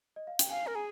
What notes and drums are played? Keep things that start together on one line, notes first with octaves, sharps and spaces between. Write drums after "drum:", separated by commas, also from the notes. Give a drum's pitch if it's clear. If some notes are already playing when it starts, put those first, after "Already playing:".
D#5
F5
G5, drum: hi-hat
F5 G#5
A#4 A#5
G#4 G#5